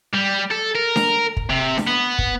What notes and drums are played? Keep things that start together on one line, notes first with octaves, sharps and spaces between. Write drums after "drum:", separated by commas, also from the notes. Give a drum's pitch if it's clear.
G3
A4
A#4
drum: snare D4
drum: kick
C3
drum: snare D4
B3
drum: kick